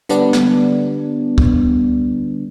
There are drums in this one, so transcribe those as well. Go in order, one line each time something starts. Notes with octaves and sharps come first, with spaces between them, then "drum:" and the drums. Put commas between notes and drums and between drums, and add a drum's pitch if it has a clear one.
D3 G3 B3 D4, drum: hi-hat
drum: snare
drum: kick